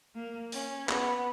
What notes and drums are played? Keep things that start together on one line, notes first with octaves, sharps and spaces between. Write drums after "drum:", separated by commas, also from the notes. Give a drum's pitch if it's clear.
A#3
C#4, drum: open hi-hat
B3, drum: clap